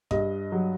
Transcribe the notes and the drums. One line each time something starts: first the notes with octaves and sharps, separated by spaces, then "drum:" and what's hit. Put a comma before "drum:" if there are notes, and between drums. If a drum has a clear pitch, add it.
G2 D#5, drum: kick G#1
F#3